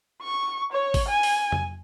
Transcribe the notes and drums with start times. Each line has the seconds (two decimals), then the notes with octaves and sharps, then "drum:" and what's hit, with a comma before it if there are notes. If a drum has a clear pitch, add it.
0.23 C#6
0.73 C#5
0.94 drum: kick G#1, open hi-hat
1.09 G#5
1.23 drum: open hi-hat
1.52 drum: tom F2